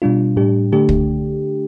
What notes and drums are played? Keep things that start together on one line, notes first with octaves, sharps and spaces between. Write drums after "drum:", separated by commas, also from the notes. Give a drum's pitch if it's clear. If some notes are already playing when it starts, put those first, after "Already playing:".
B2 G3 D4 F4
A2 G3 D4 G4
D3 A3 D4 G4
drum: kick